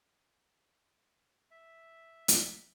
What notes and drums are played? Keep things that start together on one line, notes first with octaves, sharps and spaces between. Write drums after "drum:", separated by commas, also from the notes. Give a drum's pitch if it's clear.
E5
drum: hi-hat